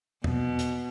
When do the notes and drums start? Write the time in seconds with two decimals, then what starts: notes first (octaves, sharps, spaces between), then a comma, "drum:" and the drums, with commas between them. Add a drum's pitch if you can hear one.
0.24 B2, drum: tom E2
0.59 drum: hi-hat